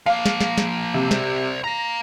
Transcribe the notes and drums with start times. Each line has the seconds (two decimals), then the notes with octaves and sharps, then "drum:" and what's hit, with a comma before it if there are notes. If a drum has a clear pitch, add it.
0.06 F3 A#3 F5
0.26 drum: snare
0.41 drum: snare
0.58 drum: snare
0.94 C3
1.11 C5 D5, drum: snare
1.64 F5 A#5 A#6